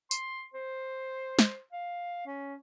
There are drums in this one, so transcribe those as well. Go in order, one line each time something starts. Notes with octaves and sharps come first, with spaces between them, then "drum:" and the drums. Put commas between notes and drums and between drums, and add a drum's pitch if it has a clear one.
C6, drum: tambourine
C5
drum: snare
F5
C#4